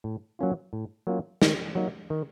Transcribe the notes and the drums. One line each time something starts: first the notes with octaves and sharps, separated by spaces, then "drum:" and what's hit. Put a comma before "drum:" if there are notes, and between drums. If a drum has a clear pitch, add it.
A2
F#3 A#3 C#4 F4
A2
F#3 A#3 C#4 F4
D#3, drum: snare
F#3 A#3 D#4
D#3